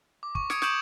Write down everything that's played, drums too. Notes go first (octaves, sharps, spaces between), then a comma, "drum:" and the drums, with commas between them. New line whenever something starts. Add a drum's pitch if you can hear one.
D6
C#6, drum: kick
D#6 G#6 C#7 D7, drum: snare
C#6 D#6 G6 D7 E7 F#7, drum: snare